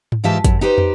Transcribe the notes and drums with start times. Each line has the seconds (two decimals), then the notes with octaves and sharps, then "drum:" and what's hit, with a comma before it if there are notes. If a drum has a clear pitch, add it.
0.12 drum: tom G#2
0.24 G#2 E3 F4 G4 E5 A5
0.45 F#2, drum: kick, hi-hat
0.61 D#4 G4 B4 C5
0.78 drum: tom